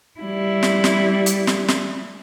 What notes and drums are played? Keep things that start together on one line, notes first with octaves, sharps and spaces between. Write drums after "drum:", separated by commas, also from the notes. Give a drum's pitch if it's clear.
G3 E4
drum: snare
drum: snare
drum: hi-hat
drum: snare
drum: snare